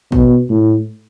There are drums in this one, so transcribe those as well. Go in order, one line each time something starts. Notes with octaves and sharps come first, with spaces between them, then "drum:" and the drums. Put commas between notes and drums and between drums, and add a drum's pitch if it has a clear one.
B2, drum: kick
A2